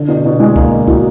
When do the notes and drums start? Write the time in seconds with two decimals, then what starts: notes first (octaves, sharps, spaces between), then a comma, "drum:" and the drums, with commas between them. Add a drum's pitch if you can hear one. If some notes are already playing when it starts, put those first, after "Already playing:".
Already playing: D3
0.08 B2
0.25 B2
0.40 G#3
0.56 A#3, drum: kick
0.87 F#3, drum: kick